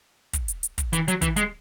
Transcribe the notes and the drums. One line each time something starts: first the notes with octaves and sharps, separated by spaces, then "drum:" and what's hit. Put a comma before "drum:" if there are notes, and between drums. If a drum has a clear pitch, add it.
drum: kick, hi-hat
drum: hi-hat
drum: hi-hat
drum: kick, hi-hat
E3, drum: hi-hat
F#3, drum: hi-hat
E3, drum: kick, hi-hat
G#3, drum: hi-hat